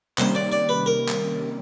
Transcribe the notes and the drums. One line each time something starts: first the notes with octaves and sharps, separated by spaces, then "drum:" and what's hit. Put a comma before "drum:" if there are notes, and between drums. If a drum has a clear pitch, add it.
C3 D#3 G3 A#3 C#4 C5, drum: clap
D5
D5
B4
A#4
drum: clap